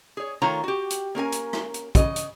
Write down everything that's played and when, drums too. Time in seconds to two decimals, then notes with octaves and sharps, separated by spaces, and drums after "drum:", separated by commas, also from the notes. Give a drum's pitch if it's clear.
0.17 G#4 C#5
0.42 D#3 A3 F4 C#5 A#5
0.64 F#4 G4
0.90 drum: hi-hat
1.15 A#3 C#4 A#4 G#5
1.32 drum: hi-hat
1.53 drum: rim click
1.74 drum: hi-hat
1.95 C#3 D#5, drum: kick, hi-hat
2.16 drum: hi-hat